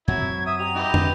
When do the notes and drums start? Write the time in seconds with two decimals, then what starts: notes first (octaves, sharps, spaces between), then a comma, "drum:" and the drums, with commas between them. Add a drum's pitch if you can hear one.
0.08 F#2 F#3 C4 E4 G#6
0.46 E5 D#6
0.59 G4 F#5 A#5 F7
0.75 D#4 E4 G4 B4 D#5 C6
0.94 D2 C4 D4, drum: tom